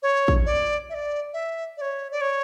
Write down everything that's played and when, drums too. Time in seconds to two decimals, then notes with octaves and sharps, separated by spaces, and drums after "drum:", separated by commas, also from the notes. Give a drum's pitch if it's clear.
0.03 C#5
0.28 drum: kick
0.46 D5
0.90 E5
0.94 D5
1.34 E5
1.77 D5
1.81 C#5
2.11 D5
2.21 C#5